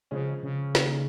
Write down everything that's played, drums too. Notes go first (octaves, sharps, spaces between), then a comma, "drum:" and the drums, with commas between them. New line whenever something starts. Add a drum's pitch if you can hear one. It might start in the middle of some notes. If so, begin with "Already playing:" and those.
C#3 F3 G#3 C#4
C#3
D#3 A#3 C#4, drum: snare